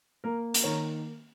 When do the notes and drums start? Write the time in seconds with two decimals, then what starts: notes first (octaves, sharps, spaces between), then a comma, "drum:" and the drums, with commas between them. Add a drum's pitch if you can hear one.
0.24 A#3 A#4
0.54 drum: hi-hat
0.64 D#3 A#4 C#5